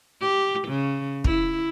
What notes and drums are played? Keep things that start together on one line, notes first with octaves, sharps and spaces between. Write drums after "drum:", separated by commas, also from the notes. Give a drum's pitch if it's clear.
G4
C#3
E4, drum: kick